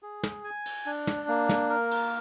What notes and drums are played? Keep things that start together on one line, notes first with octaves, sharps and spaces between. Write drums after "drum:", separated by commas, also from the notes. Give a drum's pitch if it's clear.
G#4
drum: snare
G#5
drum: cymbal
D4
drum: snare
A#3
drum: snare
A#4
drum: cymbal